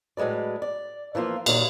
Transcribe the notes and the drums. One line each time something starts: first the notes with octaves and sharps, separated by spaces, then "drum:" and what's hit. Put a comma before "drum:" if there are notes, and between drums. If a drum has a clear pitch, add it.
A2 F#3 G#3 B4 D5
D5
E3 F3 A#3 F4
A#2 D#3 F#3, drum: cymbal